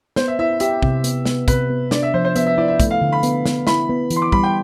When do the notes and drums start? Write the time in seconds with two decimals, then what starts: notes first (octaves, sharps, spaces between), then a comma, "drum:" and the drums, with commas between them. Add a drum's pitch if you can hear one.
0.16 B3 C5, drum: snare
0.28 E5
0.39 E4 E5
0.60 G4 E5, drum: hi-hat
0.83 C3, drum: kick
1.04 B3, drum: hi-hat
1.25 B3, drum: snare
1.48 C3 B4, drum: kick, hi-hat
1.70 B3
1.91 D4 D5, drum: snare
2.02 E5
2.14 F3 C5
2.25 C5
2.36 B3 E5, drum: hi-hat
2.46 E5
2.58 E4 D5
2.68 E5
2.80 A3, drum: kick, hi-hat
2.90 F5
3.01 D3
3.12 B5
3.23 B3, drum: hi-hat
3.46 B3, drum: snare
3.67 E4 B5, drum: snare
3.89 B3
4.10 E3, drum: hi-hat
4.16 C6
4.22 D6
4.32 G3 B5, drum: kick
4.43 G5